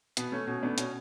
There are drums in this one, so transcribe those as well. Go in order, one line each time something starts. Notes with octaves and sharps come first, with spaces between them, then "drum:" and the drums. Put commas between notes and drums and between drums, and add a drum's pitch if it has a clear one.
B2 B3, drum: hi-hat
A3 C#4
B2 C#4
A3 B3 D4
B2 C#4, drum: hi-hat